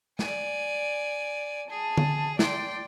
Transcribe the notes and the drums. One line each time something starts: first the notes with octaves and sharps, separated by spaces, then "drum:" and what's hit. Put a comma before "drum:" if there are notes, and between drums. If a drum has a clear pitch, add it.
D5 G#5, drum: snare
G#4 A5
drum: tom D3
D5 G5 C6, drum: snare